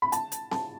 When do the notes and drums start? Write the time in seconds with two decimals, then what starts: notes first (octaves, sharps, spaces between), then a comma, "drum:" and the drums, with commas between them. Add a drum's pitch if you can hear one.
0.02 B5
0.12 A5, drum: hi-hat
0.32 drum: hi-hat
0.51 A5, drum: snare C4